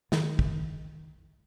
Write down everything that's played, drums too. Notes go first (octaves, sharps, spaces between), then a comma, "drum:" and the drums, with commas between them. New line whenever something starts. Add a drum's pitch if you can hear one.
D#3, drum: snare
drum: kick